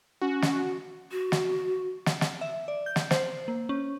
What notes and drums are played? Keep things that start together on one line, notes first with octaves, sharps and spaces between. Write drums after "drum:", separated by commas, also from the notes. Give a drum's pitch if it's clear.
C#4 F#4
drum: snare
F#4
drum: snare
drum: snare
drum: snare
E5
D5
G6
drum: snare
C5, drum: snare
A#3
C#4